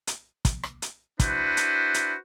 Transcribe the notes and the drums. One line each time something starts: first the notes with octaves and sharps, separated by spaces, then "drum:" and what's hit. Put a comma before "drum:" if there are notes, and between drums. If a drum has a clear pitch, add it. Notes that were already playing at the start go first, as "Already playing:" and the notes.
drum: hi-hat
drum: kick, hi-hat
drum: rim click
drum: hi-hat
D4 E4 F#4 B4 C5, drum: kick, hi-hat
drum: hi-hat
drum: hi-hat